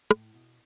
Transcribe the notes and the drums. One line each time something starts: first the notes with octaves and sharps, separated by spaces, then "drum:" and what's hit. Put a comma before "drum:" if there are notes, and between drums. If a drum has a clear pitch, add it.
A2, drum: rim click
B2